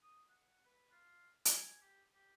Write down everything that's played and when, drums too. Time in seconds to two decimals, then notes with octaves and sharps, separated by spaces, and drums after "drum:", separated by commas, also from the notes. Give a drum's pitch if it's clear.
0.03 D#6
0.29 F#5
0.65 B4
0.92 F4
1.45 G#5, drum: hi-hat
1.82 G4
2.14 G4